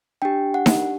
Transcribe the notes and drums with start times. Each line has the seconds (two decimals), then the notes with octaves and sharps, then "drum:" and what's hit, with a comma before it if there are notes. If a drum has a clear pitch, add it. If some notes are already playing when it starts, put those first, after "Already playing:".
0.22 D4 G4 G5
0.54 F#5
0.66 drum: snare D#4